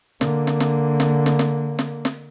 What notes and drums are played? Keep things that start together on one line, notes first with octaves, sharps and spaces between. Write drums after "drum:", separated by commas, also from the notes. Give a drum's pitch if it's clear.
D3 A#3, drum: snare
drum: snare
drum: snare
drum: snare
drum: snare
drum: snare
drum: snare
drum: snare